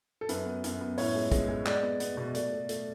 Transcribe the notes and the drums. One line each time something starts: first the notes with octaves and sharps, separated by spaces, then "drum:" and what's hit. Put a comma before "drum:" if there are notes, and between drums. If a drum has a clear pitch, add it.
A4
F#2 B4, drum: hi-hat
B3
F#2, drum: hi-hat
B3
A2 C#5, drum: open hi-hat
G#3
G#3, drum: kick, hi-hat
G#3
G#3 D5, drum: clap
B3
B3, drum: hi-hat
B2
A3 D5, drum: hi-hat
A3
A3, drum: hi-hat